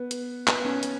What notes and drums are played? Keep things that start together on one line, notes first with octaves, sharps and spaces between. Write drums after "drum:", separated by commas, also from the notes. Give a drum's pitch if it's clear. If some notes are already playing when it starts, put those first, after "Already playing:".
Already playing: B3
drum: hi-hat
B3, drum: clap
C#4
drum: hi-hat